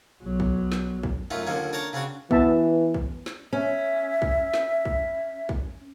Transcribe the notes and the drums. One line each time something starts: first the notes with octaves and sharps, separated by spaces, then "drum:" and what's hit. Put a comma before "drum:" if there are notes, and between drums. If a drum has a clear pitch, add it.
B1 F#3
drum: kick
drum: snare
drum: kick
F#2 A3 D#4 F4
D#2 D3 F3 A#3 C#4
D4 A#4 C#5 A5 A#5
C#3 C4 D4 F#4
E3 B3 E5 A5, drum: kick
drum: kick
drum: snare
C#4 E5
drum: kick
drum: snare
drum: kick
drum: kick